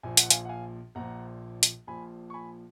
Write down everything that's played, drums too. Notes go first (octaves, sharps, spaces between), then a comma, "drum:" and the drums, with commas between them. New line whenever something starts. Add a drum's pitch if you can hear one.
A#1 A#2 F3 G#5
F#5, drum: hi-hat
F5 G#5, drum: hi-hat
F#5
F5 G#5
A#1 A#2 F3 F#5 A#5
drum: hi-hat
A#1 A#2 F3 G#5 B5
C#6
G#5 B5